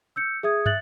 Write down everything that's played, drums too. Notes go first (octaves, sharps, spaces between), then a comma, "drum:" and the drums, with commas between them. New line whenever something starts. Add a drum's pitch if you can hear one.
E6 G6 C#7
G#4 E5 D#6 G#6
E5 F#6 A6 F#7, drum: tom